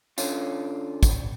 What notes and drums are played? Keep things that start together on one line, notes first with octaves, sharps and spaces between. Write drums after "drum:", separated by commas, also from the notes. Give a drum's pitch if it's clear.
D3 C#4 F4, drum: tambourine
drum: kick, tambourine